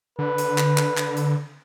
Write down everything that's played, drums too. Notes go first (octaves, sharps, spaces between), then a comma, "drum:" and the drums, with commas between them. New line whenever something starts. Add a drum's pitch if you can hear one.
D3 B4
drum: hi-hat
drum: clap
drum: clap
drum: clap
drum: hi-hat